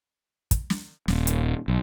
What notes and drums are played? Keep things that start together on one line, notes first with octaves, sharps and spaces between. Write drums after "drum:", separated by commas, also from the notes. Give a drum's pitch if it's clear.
drum: kick, hi-hat
drum: snare
D#1, drum: snare
drum: hi-hat
B1